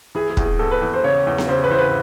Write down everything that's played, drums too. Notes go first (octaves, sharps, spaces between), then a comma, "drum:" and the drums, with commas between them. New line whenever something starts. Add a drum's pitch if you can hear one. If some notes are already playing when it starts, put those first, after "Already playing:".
E3 G#4
G#4
E2, drum: kick
G#4
E2 A4
B4
E2
C5
C#3 C#5
E2
drum: snare B3
C#3 C5
B4
E3 C5
B4